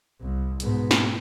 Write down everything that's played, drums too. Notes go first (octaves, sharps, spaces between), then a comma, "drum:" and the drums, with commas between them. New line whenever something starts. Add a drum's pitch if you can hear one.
C2
G#2 B2, drum: hi-hat
drum: snare